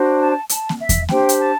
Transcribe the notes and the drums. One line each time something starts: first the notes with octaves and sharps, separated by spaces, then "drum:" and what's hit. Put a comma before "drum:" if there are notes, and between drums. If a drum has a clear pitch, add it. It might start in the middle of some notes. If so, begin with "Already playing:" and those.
Already playing: D4 F#4 C5
A5
A5, drum: hi-hat
drum: snare A#3
E5
drum: kick E2, hi-hat
D4 G4 C5 G5, drum: snare A#3
drum: hi-hat
A5